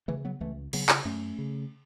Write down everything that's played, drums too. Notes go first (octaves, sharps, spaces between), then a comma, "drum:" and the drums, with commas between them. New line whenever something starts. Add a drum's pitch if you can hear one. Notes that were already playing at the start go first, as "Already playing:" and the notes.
C#3 E3 A3
F#3 B3
C#2 E3 A3
C#3 F#3 B3, drum: cymbal
drum: clap
F#2 A3 C#4
C#3